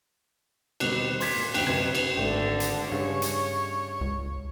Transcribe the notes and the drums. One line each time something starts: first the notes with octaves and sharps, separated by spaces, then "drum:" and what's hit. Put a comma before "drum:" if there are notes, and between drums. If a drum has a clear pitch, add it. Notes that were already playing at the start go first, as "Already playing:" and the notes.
D#2 B2 D#3 G3 C4 F#6, drum: cymbal
C6 D6 G#6 B6, drum: open hi-hat
A#2
F1 D2 G5 F#6, drum: cymbal
F#1 C3 B4 G#6
drum: cymbal
G#1 D3 A3 G5
drum: hi-hat
G2 C#3 C#5
drum: hi-hat
C#2